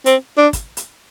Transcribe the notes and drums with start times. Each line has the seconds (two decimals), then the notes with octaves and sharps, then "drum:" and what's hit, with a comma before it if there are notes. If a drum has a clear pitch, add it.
0.06 C4, drum: hi-hat
0.38 D4
0.53 drum: kick, hi-hat
0.77 drum: hi-hat